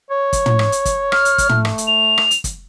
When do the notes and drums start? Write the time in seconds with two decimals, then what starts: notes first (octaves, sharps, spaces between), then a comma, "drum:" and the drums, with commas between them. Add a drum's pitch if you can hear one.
0.11 C#5
0.33 drum: kick, hi-hat
0.46 drum: tom
0.59 drum: rim click
0.72 drum: hi-hat
0.85 drum: kick, hi-hat
1.12 F6, drum: rim click
1.25 drum: hi-hat
1.38 drum: kick, hi-hat
1.49 A3, drum: tom
1.65 drum: rim click
1.78 drum: hi-hat
1.87 F7
2.18 drum: rim click
2.31 drum: hi-hat
2.44 drum: kick, hi-hat